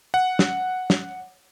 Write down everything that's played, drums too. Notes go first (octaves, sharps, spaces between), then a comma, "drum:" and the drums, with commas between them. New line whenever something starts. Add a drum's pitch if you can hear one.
F#5
drum: snare
drum: snare